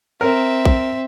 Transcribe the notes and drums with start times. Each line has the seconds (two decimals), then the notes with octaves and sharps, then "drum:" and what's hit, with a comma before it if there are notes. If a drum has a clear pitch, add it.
0.21 C4 A#4 E5
0.65 drum: kick